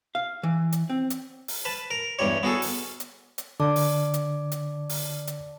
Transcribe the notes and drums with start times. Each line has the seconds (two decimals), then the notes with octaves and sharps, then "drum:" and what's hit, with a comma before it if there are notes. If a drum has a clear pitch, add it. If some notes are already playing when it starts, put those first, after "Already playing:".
0.15 F5
0.43 E3
0.72 drum: hi-hat
0.90 C4
1.10 drum: hi-hat
1.48 drum: open hi-hat
1.65 B4 A5
1.91 A#4
2.19 E2 G2 G3 C#5
2.43 B3 F#4 G#4 A4
2.62 drum: open hi-hat
3.00 drum: hi-hat
3.38 drum: hi-hat
3.60 D3 D5 A5 D6
3.76 drum: open hi-hat
4.14 drum: hi-hat
4.52 drum: hi-hat
4.89 drum: open hi-hat
5.27 drum: hi-hat